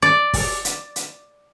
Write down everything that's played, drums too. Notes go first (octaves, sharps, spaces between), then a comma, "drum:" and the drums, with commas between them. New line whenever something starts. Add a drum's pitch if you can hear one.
D5
drum: kick, open hi-hat
drum: hi-hat
drum: hi-hat